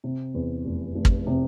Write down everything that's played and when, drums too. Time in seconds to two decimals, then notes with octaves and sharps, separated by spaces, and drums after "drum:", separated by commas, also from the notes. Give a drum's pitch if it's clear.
0.04 C3
0.34 E2
0.65 F1
0.95 F1
1.05 drum: kick
1.27 C3